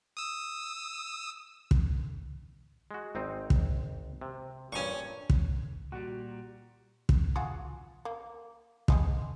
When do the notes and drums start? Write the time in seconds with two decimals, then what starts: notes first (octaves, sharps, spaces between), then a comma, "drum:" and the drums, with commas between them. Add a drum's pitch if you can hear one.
0.17 D#6 E6
1.71 drum: kick
2.91 G#3 F#4
3.15 G#1 C4 D#4
3.50 drum: kick
4.21 C3
4.72 G2 A#2 C#4 C#6
5.30 drum: kick
5.92 A#2 G3 F#4
7.09 drum: kick
7.36 F4 F#4 G#4
8.05 A#3
8.88 G3 G#3 D#5, drum: kick